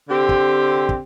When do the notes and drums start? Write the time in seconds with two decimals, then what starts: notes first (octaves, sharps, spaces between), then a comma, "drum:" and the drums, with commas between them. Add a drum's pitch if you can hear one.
0.09 D3 C4 G4
0.29 drum: kick
0.89 drum: kick